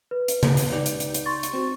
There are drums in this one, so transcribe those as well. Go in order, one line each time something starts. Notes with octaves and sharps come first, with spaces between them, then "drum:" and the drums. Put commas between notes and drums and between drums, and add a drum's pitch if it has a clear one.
B4
drum: hi-hat
drum: tom C#3
drum: hi-hat
C#2 D#4 G4 D5
drum: hi-hat
drum: hi-hat
drum: hi-hat
C6 C#6 A6
drum: hi-hat
C4 F#4 C5